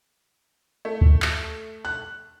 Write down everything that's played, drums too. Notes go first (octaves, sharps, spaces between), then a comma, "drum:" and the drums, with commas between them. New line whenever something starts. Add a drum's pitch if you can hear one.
A3
drum: kick
drum: clap
F#6